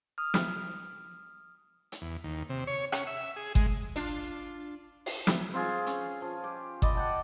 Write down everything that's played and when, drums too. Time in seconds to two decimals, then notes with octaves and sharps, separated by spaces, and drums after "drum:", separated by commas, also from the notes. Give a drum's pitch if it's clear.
0.18 D#6 F6
0.34 drum: snare
1.92 drum: hi-hat
2.02 E2
2.24 D#2
2.49 C3
2.67 C#5
2.92 C#4, drum: rim click
3.07 E5
3.36 G#4
3.55 G#3, drum: kick G1
3.96 D4 F4
5.06 drum: open hi-hat
5.27 drum: snare
5.54 C4 F4 G#4
5.86 C#4, drum: hi-hat
6.22 F3
6.44 G4
6.82 D5 D#5 B5, drum: kick G1
6.95 F#5 G5 A5